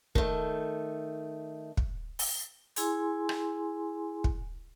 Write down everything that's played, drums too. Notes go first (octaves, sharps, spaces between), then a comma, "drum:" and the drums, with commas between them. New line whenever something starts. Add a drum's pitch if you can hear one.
D#3 A3, drum: kick
drum: kick
drum: open hi-hat
E4 G#4 G#5 C6, drum: hi-hat
drum: rim click
drum: kick